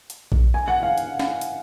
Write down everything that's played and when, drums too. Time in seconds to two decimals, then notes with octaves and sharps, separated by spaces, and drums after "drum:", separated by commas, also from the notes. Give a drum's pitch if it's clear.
0.10 drum: hi-hat
0.32 drum: kick A#1
0.54 G#5
0.68 F#5
0.83 F5
0.98 drum: hi-hat
1.19 drum: snare
1.41 drum: hi-hat